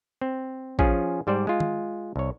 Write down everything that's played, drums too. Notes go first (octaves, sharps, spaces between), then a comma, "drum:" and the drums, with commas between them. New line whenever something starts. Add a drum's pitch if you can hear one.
C4
F3 C#4 F4 G#4, drum: kick
G#2 G3 C5 D5
G#3 F4
drum: tom
C2 C#5